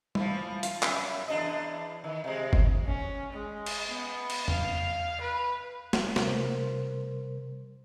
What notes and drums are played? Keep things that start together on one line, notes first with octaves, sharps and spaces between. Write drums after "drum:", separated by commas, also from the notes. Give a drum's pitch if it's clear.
E3 F3, drum: tom G3
F4, drum: hi-hat
F#2 B3 E5, drum: clap
E2 D4 D#5
D#3
C3 G#3
drum: kick G1
C#4
G#3
drum: cymbal
B3
drum: cymbal
F5, drum: tom E2
B4
drum: snare
C3 G3 A#4 C5, drum: snare